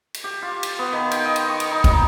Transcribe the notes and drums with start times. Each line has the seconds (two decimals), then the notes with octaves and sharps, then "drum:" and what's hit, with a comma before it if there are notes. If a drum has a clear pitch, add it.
0.14 drum: cymbal
0.24 G4
0.42 F4
0.63 drum: cymbal
0.79 B3
0.93 D#3
1.11 G5, drum: cymbal
1.25 D#5
1.36 drum: cymbal
1.49 C#6
1.60 drum: cymbal
1.71 D#4
1.84 drum: kick, cymbal